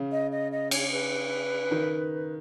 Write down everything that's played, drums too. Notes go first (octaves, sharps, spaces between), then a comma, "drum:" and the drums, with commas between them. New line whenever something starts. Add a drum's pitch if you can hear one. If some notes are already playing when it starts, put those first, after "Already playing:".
Already playing: C#3
D#5
D#5
D#5
C#5, drum: cymbal
B4
D#3